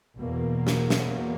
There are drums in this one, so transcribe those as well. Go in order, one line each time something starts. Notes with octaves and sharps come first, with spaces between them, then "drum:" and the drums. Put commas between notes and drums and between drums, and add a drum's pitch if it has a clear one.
E2 B2 A#3
drum: snare
drum: snare